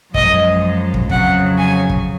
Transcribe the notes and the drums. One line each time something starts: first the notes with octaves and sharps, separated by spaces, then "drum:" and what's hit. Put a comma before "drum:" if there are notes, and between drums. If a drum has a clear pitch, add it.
F#2 F3 G#3 D#5, drum: kick
drum: kick
F2 C#3 F#3 F#5, drum: kick
G#5
drum: kick